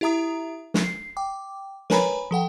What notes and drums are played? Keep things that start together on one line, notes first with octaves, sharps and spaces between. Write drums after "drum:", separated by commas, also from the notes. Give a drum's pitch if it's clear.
E4 G4 E5 A#5 D#6
drum: snare
C7
G5 D6
A#4 B4 C#5 G#5 A#5 B5, drum: snare
F3 A4 F#5 G5